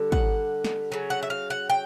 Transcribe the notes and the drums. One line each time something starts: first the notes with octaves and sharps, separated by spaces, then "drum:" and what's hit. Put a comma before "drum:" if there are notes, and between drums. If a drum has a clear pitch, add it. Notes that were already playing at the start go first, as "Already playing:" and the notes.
Already playing: D3 G3
F#5, drum: kick
drum: snare
C#3 F#3
F#5
E5
F5
F#5
G5